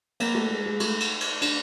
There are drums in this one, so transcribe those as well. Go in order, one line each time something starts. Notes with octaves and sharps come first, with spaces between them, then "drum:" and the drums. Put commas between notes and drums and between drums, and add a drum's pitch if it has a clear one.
A#3, drum: cymbal
A3
G#3
G#3
A3, drum: cymbal
drum: cymbal
drum: cymbal
D4, drum: cymbal